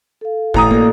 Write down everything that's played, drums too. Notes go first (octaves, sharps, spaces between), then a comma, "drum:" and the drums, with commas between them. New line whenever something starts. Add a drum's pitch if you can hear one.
A4 F5
A1 A#5 D#6, drum: kick
A#3 F#4 A4 D5, drum: kick